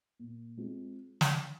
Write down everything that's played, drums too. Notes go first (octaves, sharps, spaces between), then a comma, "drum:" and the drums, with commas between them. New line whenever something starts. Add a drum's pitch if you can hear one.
A#2
G#3 C4 F4
drum: snare